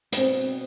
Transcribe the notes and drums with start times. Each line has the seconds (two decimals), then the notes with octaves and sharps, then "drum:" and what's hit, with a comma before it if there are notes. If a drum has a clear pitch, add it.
0.12 B3, drum: hi-hat
0.17 B2 C4